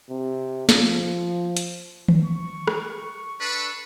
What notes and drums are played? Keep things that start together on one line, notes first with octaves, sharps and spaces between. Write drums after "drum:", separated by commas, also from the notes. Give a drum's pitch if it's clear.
C3
F3, drum: snare
drum: hi-hat
drum: tom D#3
C#6
drum: rim click
D4 A4 B4